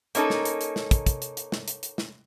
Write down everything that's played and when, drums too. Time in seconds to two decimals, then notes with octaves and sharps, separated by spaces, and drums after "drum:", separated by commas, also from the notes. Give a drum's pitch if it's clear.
0.15 A#3 C#4 D#4 A4, drum: hi-hat
0.30 drum: snare
0.45 drum: hi-hat
0.61 drum: hi-hat
0.76 drum: snare
0.91 drum: kick, hi-hat
1.07 drum: kick, hi-hat
1.22 drum: hi-hat
1.37 drum: hi-hat
1.52 drum: snare
1.68 drum: hi-hat
1.83 drum: hi-hat
1.98 drum: snare